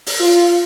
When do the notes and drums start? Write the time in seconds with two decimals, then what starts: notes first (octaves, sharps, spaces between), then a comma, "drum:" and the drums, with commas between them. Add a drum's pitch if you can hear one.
0.06 drum: open hi-hat
0.21 F4